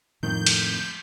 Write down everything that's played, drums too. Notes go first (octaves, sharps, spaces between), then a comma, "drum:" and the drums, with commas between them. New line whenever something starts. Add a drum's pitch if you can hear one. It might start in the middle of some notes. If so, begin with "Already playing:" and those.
F2 A2 D#3 F3 G#3 G6
drum: cymbal